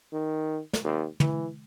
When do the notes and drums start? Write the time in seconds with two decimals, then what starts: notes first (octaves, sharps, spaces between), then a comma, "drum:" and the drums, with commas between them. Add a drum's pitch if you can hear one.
0.12 D#3
0.73 drum: snare
0.84 D#2
1.20 E3, drum: tom